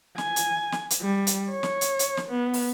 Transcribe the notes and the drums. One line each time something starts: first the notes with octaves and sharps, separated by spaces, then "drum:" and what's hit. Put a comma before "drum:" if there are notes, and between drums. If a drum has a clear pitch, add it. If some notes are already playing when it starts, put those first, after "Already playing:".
G#5, drum: snare
drum: hi-hat
drum: snare
drum: hi-hat
G3
drum: hi-hat
C#5
drum: snare
drum: hi-hat
drum: hi-hat
drum: snare
B3
drum: open hi-hat